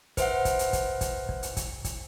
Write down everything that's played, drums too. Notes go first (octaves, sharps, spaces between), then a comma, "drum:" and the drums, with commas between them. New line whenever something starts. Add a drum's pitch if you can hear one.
B4 C5 E5 F#5, drum: kick, hi-hat
drum: kick, hi-hat
drum: hi-hat
drum: kick, hi-hat
drum: kick, hi-hat
drum: kick
drum: hi-hat
drum: kick, hi-hat
drum: kick, hi-hat